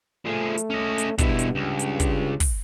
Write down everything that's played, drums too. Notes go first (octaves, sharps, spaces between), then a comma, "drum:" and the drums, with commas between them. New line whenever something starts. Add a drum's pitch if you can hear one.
F3 A3 G#4
drum: hi-hat
C#4 D#5
drum: hi-hat
G2 B2 E4, drum: kick, hi-hat
drum: hi-hat
C#2
drum: hi-hat
drum: kick, hi-hat
drum: kick, open hi-hat